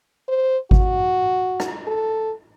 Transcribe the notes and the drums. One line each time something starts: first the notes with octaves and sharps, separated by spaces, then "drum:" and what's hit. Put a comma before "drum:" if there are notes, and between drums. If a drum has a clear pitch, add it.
C5
F#4, drum: kick G#1
drum: rim click
A4